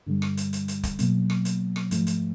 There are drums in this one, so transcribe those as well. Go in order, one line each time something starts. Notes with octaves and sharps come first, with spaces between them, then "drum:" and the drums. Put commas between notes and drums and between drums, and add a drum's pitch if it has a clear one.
G2 D3 G3
drum: rim click
drum: hi-hat
drum: hi-hat
drum: hi-hat
drum: kick, hi-hat
B2 F#3 A#3, drum: hi-hat
drum: rim click
drum: hi-hat
drum: rim click
G#2 F3 A3, drum: hi-hat
drum: hi-hat